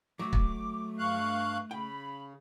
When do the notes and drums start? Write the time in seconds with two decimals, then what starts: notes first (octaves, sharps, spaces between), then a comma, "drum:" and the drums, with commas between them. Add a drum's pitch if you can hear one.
0.19 F#3 A3 D6
0.33 drum: kick
0.98 G2 F5 C#6 F#6
1.71 C#3 G5 B5